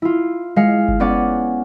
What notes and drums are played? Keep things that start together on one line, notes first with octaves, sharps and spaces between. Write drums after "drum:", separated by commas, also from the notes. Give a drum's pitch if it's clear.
E4 F4
G#3 F5 C#7
drum: kick G1
B3 C#4 D5 F#5